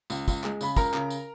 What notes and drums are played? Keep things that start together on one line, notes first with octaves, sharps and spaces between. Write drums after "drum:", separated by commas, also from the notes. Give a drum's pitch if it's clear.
C#2, drum: tambourine
C#2, drum: kick, tambourine
G#3, drum: clap
C#3 B5, drum: tambourine
C#2 A#4 A#5, drum: kick, tambourine
C#3, drum: clap
drum: tambourine